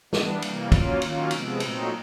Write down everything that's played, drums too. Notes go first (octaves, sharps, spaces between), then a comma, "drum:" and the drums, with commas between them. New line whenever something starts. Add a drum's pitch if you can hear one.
E3 G3 B3 D4, drum: snare
C3 E3 G3 A#3, drum: cymbal
F#3 A#3 C#4 F4, drum: kick, cymbal
D#3 F#3 A#3 C#4 F4, drum: cymbal
C3 F3 G#3 B3, drum: cymbal
A#2 F#3 A3 C4 D#4, drum: cymbal